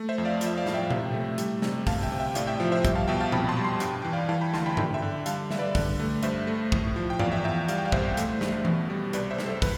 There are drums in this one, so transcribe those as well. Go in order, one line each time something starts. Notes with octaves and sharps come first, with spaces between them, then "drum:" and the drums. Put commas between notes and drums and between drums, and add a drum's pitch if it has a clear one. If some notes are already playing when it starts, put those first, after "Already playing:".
Already playing: A3
C5 E5
F2
D5 F5
F3, drum: hi-hat
E5
D5 F5
A2, drum: snare
E5 G5
C3, drum: tom A#2
A3
G3, drum: hi-hat
C3, drum: snare
D2 F5 A5, drum: kick, open hi-hat
E5 G5
C3
E5 G5
A2 D5 F5, drum: hi-hat
E5 G5
F3
C5 E5
G3 E5 G5, drum: kick, hi-hat
F5 A5
B2 E5 G5
F5 A5
F2 G5 B5, drum: tom A#2
A5 C6
G3
A5 C6
G2 G5 B5, drum: hi-hat
E3 G5
D5 F5
E3 F5 A5
G5 B5
D2 A5 C6, drum: snare
G5 B5
D3 E5 G5, drum: tom G2
E5 G5
D3
G3 F5 A5, drum: hi-hat
G3 E5, drum: snare
B4 D5
D3, drum: kick, open hi-hat
A3
G2 C5 E5, drum: hi-hat
A3
A2, drum: kick
F3
G5
E2 D5 F5, drum: tom G2
E5 G5
E2 E5 G5
G3 D5 F5, drum: hi-hat
G5
F5
C2 C5 E5, drum: kick
A3, drum: hi-hat
G2, drum: snare
B2, drum: tom E3
G3
C2 B4 D5, drum: hi-hat
C5 E5
C2, drum: snare
A4 C5
B4, drum: kick, open hi-hat